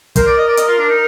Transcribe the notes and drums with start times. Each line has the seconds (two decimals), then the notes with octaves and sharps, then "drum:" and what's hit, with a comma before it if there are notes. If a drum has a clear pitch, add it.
0.16 A#4 C5, drum: kick, hi-hat
0.26 D5
0.37 D#5
0.47 D5
0.57 D#5, drum: hi-hat
0.68 F4
0.78 D4
0.89 D#4